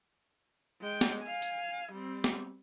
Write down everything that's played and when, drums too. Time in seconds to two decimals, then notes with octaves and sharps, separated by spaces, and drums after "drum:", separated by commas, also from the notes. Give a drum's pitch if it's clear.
0.81 G#3 G5
1.01 drum: snare
1.22 F5 G#5
1.42 drum: hi-hat
1.92 G3 C4
2.24 drum: snare